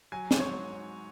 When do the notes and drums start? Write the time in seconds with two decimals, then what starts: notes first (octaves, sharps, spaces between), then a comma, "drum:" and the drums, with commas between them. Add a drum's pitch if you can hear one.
0.12 F#3 G#5
0.31 G#2, drum: snare
0.40 C#5
0.49 F#3